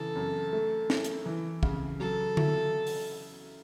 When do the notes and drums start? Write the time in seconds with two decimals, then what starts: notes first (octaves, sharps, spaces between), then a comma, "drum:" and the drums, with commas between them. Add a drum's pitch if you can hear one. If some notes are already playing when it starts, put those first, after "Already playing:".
Already playing: C#3 E3 A4
0.15 F#2
0.53 A3
0.90 E4, drum: snare
1.04 drum: hi-hat
1.26 E3
1.63 C#3, drum: kick
2.00 F#3 A4
2.37 E4, drum: tom D3
2.87 drum: open hi-hat